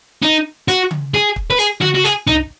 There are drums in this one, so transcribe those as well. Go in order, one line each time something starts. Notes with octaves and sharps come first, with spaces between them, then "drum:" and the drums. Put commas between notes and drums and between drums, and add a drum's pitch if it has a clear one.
D#4
F#4, drum: hi-hat
drum: tom C#3
G#4
drum: kick
B4
G#4, drum: hi-hat
F#4, drum: tom C#3
F#4
G#4, drum: hi-hat
D#4, drum: tom C2